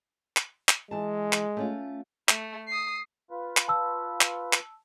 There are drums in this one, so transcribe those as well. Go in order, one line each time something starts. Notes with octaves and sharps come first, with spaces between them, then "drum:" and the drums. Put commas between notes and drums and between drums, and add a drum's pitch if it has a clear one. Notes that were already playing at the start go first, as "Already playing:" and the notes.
drum: clap
drum: clap
E3 G#3 A5
drum: clap
A3 C#4 F4
A3, drum: clap
D#6 C7
F4 B4
drum: clap
A5 E6
drum: clap
drum: clap